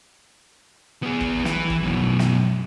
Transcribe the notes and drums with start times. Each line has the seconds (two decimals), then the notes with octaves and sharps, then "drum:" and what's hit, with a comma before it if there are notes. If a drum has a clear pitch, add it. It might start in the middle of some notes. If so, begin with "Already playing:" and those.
1.03 B3 G#4
1.21 drum: kick
1.45 E3, drum: snare
1.70 drum: kick
1.83 F#2 B2
2.19 drum: snare